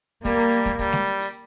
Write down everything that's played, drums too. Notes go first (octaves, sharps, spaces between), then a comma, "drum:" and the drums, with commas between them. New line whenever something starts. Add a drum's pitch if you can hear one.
G3 A#3, drum: kick, hi-hat
drum: hi-hat
drum: hi-hat
drum: kick, hi-hat
G3, drum: kick, hi-hat
drum: snare
drum: hi-hat
drum: open hi-hat